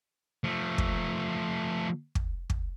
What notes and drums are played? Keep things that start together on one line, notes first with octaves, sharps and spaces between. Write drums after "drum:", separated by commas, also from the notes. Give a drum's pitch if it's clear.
F3 A3
drum: kick
drum: kick
drum: kick